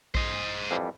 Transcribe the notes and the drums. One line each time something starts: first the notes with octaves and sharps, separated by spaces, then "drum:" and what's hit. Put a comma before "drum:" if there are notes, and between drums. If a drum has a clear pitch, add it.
C5 D#5, drum: kick A#1
F2 E3 G3